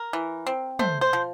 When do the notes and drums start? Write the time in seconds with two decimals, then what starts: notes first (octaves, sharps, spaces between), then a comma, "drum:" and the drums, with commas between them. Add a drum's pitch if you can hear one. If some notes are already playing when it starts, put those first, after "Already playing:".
Already playing: A#4
0.13 E3
0.47 C4
0.79 A3 C5, drum: tom
1.01 C5
1.13 F3